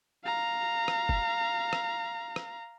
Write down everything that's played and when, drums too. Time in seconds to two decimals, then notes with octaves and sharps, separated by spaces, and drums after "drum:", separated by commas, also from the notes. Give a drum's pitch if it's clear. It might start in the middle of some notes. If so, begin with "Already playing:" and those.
0.24 F5 A#5
0.88 drum: rim click
1.09 drum: kick
1.73 drum: rim click
2.36 drum: rim click